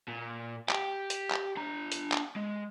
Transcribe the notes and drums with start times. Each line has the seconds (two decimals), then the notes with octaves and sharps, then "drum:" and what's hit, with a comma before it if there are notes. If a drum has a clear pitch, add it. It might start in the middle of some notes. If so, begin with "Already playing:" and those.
0.08 A#2
0.69 G4, drum: clap
1.10 drum: hi-hat
1.31 drum: clap
1.57 D4 A#5
1.92 drum: hi-hat
2.12 drum: clap
2.36 G#3